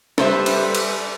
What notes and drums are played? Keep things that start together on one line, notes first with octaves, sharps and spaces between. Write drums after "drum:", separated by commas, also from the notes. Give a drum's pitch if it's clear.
G3 A4 B4 C5 E5, drum: snare
drum: cymbal
drum: cymbal